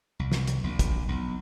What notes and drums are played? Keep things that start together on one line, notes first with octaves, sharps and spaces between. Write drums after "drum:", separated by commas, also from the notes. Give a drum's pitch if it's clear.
C2
drum: snare
drum: hi-hat
A#1
drum: kick, hi-hat
B1